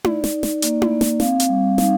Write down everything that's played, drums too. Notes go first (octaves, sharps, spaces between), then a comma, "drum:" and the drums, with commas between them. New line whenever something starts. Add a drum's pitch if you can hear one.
D#4 D5, drum: tom E4
drum: snare
D#4
drum: snare
A#3 D5, drum: hi-hat
drum: tom E4
A#3
drum: snare
C4 F5, drum: snare
drum: hi-hat
G3
D#4 F5, drum: snare